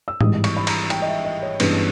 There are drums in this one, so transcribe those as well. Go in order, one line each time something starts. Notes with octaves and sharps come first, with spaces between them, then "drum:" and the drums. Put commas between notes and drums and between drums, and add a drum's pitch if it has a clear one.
E6
G#1 G#2 E3 G3 D#6, drum: tom A2
C#6, drum: cymbal
B5
A#5, drum: cymbal
G5, drum: cymbal
D#5
E5
D#5
C#5
G1 G2 E3 G#3 C#4 B4, drum: cymbal